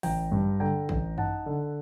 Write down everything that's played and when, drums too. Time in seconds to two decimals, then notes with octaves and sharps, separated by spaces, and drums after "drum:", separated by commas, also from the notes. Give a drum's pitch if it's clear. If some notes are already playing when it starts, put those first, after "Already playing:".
0.03 A1 G5 A#5, drum: open hi-hat
0.32 G2
0.60 D3 G5 A#5
0.89 A1, drum: kick
1.18 D#4 F#5 A5, drum: tom F#2
1.46 D3